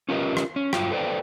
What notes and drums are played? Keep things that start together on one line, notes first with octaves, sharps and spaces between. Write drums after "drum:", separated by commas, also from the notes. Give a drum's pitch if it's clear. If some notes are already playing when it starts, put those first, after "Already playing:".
C#4 F4 G4 A#4 B4 D#5
drum: rim click
C#4
G2 F#3 F4 G5, drum: rim click
A4 B4 C5 D5 G5